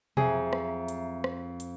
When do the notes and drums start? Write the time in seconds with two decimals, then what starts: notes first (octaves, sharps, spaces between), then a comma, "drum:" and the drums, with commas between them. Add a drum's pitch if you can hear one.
0.17 F2 F#3 G#4 E5 A#5, drum: tom B2
0.53 drum: rim click
0.88 drum: hi-hat
1.24 drum: rim click
1.60 drum: hi-hat